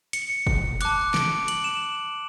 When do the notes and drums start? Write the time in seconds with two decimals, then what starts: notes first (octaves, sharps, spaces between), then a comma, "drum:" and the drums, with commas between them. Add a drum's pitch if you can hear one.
0.13 C#7, drum: hi-hat
0.30 C#7
0.47 drum: kick
0.81 A5 D6 F#6, drum: hi-hat
1.14 D7, drum: snare
1.48 F#7, drum: hi-hat
1.64 E7